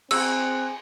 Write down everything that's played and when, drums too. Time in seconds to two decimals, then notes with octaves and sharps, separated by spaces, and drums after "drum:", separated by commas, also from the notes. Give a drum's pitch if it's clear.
0.11 C4 G#4 E6 F#6, drum: cymbal